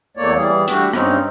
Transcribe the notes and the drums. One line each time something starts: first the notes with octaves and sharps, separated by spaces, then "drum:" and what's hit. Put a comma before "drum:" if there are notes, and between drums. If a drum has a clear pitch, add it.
E2 A3 A#3 C#5 D5
E3 G3 G#4
G3 A3 D4 F#4 G4, drum: hi-hat
G2 C4 C#4 D#4, drum: rim click